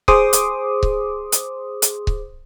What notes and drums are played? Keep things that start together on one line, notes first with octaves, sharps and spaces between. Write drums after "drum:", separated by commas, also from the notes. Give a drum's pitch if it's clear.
G#4 C5 C6 D6 D#6, drum: kick C#1
drum: hi-hat
drum: kick C#1
drum: hi-hat
drum: hi-hat
drum: kick C#1